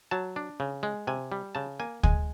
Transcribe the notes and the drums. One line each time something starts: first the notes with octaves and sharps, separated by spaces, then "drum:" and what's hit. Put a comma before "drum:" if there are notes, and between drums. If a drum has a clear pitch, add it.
F#3 A5
D4
C#3
G#3
C3 G#5
G3
C#3 A5
A#3 G#5
G#3 G#5, drum: kick